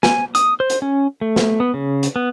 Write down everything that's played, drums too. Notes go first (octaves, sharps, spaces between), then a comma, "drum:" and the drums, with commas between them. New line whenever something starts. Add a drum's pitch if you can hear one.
G#5, drum: snare
D#6, drum: hi-hat
C5
drum: hi-hat
C#4
A3
drum: snare
B3
C#3
drum: hi-hat
B3